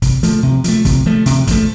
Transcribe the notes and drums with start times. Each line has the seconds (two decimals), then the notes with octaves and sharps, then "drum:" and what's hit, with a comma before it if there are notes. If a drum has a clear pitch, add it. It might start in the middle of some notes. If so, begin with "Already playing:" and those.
0.02 C3, drum: kick, hi-hat
0.23 F3 A3, drum: hi-hat
0.43 C3
0.64 F3 A3, drum: hi-hat
0.85 C3, drum: kick, hi-hat
1.06 F3 A3
1.26 C3, drum: hi-hat
1.47 F3 A3, drum: kick, hi-hat